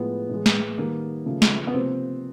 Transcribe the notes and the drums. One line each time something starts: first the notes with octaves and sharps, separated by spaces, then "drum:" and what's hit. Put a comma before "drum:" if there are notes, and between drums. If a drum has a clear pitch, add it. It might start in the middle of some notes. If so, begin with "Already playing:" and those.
Already playing: A2 F3 G#3 B3
A2 E3 G#3
drum: snare
D#3 G3 A#3
C#3 F3 A3
drum: snare
B3
C3 F3 A#3 C4